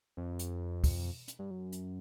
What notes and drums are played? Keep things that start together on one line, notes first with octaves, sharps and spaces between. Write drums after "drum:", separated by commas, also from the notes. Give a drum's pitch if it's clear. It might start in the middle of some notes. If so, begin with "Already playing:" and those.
F2
drum: hi-hat
drum: kick, open hi-hat
drum: hi-hat
G2
F#2
drum: hi-hat